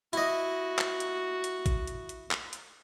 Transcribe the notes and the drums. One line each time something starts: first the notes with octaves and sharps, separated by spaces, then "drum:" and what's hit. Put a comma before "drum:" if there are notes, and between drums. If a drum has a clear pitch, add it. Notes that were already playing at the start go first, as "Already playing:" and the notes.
E4 F#4 D#5, drum: hi-hat
drum: clap
drum: hi-hat
drum: hi-hat
drum: kick, hi-hat
drum: hi-hat
drum: hi-hat
drum: clap
drum: hi-hat